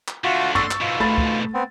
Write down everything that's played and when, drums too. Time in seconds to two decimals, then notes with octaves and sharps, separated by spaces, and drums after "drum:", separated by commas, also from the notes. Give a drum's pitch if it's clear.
0.08 drum: clap
0.24 D3 A3 F4 F#4
0.55 C6 C#6 E6 A6, drum: tom
0.71 drum: clap
0.81 G#2 B2 F4
1.00 A3 B5 A6
1.18 drum: kick
1.54 B3 C4